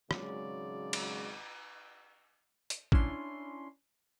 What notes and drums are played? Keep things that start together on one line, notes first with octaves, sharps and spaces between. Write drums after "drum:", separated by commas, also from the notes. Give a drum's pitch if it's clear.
G#1 C#3 F#3 G#3 D5, drum: rim click
drum: cymbal
drum: hi-hat
C#4 D4 E4 C6, drum: kick